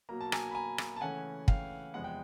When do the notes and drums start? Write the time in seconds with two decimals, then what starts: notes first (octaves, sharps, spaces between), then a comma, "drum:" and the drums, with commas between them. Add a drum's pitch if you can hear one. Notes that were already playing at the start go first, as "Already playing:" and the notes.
0.09 B2 F#3 A#3 A#5
0.21 A5
0.32 G#5 A#5, drum: rim click
0.51 B5
0.55 G#5 A#5
0.78 drum: rim click
0.96 A5
1.01 C#3 E3 A3 C#4 F#5 G#5
1.48 F5 G5, drum: kick
1.94 E2 C3 F3 G#3 B3 F#5
2.04 G5